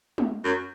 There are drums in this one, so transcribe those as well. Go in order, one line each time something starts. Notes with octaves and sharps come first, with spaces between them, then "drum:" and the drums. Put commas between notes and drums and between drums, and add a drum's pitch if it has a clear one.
drum: tom G#3
F#2